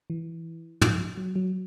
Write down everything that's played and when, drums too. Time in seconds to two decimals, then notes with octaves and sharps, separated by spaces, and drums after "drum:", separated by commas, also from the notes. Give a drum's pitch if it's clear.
0.10 E3
0.81 F3, drum: tom
1.17 F#3
1.36 F#3